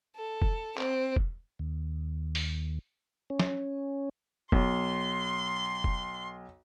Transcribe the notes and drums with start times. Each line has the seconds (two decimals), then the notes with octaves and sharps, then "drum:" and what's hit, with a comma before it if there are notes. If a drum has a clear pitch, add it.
0.16 A4
0.42 drum: kick
0.78 C4, drum: clap
1.16 drum: kick
1.59 D#2
2.35 drum: open hi-hat
3.30 C#4
3.40 drum: snare
4.52 B1 C6, drum: kick
5.84 drum: kick